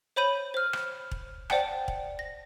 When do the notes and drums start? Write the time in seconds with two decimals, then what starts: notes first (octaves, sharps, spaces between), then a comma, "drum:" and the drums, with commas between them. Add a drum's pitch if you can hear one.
0.16 C5 C#5 B5 G6 D#7
0.54 C5 F6
0.73 drum: rim click
1.11 drum: kick E1
1.50 C5 D5 F#5 G5 A5, drum: rim click
1.88 drum: kick E1
2.19 A#6